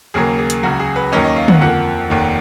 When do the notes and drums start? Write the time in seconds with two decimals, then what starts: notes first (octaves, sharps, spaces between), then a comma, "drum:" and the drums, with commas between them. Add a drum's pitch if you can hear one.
0.14 D#2 C#3 F#3 A#3 G#4
0.39 G#4
0.50 drum: hi-hat
0.63 C#2 C#3 F#3 F#4
0.80 G#4
0.96 B4
1.12 D#2 D#3 F#3 A#3 C#4 D#5
1.24 D#5
1.36 F5
1.48 F#5, drum: tom
1.61 F2 F3 A#3 F#5
2.10 F1 D#2 D#3